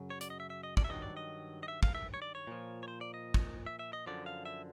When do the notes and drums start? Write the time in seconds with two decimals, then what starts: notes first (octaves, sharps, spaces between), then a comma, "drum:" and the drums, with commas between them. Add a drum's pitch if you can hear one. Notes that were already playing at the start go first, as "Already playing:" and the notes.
Already playing: F#2 C#3 F#3
0.10 C#5
0.21 D5, drum: hi-hat
0.30 D#5
0.40 E5
0.50 E5
0.63 D#5
0.77 D5, drum: kick
0.84 E5
0.89 G2 D#3 F#3 D#5
1.02 D5
1.17 D#5
1.63 D#5
1.68 E5
1.83 F5, drum: kick
1.95 E5
2.14 C#5
2.22 D5
2.35 C#5
2.47 A#2 F3
2.83 C#5
2.88 C5
3.01 D5
3.14 D#5
3.34 drum: kick
3.66 E5
3.79 E5
3.93 D#5
4.06 F#2 D3 F3 D5
4.26 F5
4.45 E5